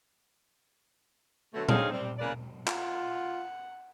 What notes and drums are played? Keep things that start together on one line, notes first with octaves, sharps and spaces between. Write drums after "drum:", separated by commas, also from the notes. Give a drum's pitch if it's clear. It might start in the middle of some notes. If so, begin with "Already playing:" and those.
B2 D3 F#3 A3
D3 C4 C#4 D#4 G#4 F5, drum: tom A#2
C3 G3 C4
E2 C#3 A#3 B4 D5
F4 F#5, drum: clap